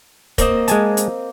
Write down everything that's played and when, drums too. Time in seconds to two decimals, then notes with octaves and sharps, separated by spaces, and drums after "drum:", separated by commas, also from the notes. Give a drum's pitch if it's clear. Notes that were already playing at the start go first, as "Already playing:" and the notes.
0.38 A#3 C4 D#5, drum: kick, hi-hat
0.68 G#3 G#5 A5, drum: hi-hat
0.97 drum: hi-hat